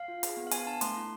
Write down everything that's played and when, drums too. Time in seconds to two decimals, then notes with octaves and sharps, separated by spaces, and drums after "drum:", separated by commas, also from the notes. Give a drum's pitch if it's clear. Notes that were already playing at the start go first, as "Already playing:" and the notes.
Already playing: F5
0.08 F4
0.23 G#4, drum: hi-hat
0.37 B3
0.47 F5
0.51 B3 G#5, drum: hi-hat
0.66 D4 A5
0.81 A3 C6, drum: hi-hat
0.96 E4